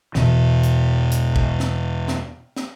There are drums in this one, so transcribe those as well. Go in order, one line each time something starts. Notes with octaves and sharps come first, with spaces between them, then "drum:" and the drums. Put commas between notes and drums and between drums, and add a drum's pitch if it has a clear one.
E2 B2 E3, drum: snare
drum: hi-hat
drum: hi-hat
drum: kick
drum: snare
drum: snare
drum: snare